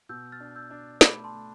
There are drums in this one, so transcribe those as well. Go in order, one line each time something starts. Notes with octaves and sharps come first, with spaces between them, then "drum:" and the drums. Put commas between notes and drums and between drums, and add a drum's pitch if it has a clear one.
B2 E6 G6
F6 A6
D4
E6 G6
D4
A3 B5 D6, drum: snare
A5 C6
A3